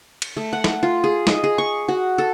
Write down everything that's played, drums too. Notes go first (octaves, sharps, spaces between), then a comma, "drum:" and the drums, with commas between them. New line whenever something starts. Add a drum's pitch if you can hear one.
drum: cymbal
A3
F#5
drum: snare
F4
G#4
D#5, drum: snare
G#4
C#6
F#4
A4